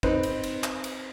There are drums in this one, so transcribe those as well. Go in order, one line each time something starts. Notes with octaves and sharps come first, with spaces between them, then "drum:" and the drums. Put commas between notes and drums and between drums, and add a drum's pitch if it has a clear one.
C4 D#4 B4 C5, drum: kick
drum: cymbal
drum: cymbal
drum: clap
drum: cymbal